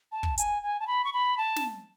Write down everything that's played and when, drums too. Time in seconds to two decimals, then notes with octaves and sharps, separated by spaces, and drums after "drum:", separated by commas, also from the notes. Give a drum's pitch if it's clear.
0.12 A5
0.23 drum: kick
0.38 G#5, drum: hi-hat
0.63 G#5
0.80 A5
0.87 B5
1.05 C#6
1.13 B5
1.38 A5
1.56 drum: snare